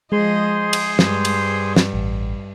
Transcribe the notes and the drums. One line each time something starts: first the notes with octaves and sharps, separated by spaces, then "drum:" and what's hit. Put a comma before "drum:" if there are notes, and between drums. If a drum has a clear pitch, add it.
F3 G#3 G#4 C5 D#5 C6
drum: cymbal
G2, drum: snare
drum: cymbal
drum: snare
A1